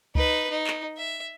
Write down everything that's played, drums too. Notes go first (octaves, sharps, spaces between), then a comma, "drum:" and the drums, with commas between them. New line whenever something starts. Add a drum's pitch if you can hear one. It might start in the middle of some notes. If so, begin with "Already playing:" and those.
D#4 B4, drum: kick C#2
D#4
drum: clap
E5